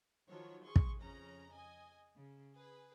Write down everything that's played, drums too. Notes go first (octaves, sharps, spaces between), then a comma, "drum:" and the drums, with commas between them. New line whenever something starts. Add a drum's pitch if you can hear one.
D#3 F3 F#3 C#5
G#4 C6 C#6
drum: kick
F2 C#3 C#4 A#5
D#5 G#5
C#3
G#4 B4